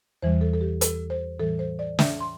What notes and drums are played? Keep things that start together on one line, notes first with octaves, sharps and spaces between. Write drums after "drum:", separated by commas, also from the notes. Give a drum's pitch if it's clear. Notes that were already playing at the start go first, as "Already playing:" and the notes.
E2 E3 G3 C5
A4
A4
G4
A4, drum: hi-hat
C5
A2 E3 G3 A4
C5
D5
E5, drum: snare
C6